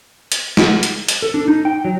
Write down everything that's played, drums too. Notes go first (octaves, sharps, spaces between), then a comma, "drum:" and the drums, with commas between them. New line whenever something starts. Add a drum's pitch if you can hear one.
drum: hi-hat
drum: snare
drum: hi-hat
drum: hi-hat
A4
D4
D#4
G5
F#3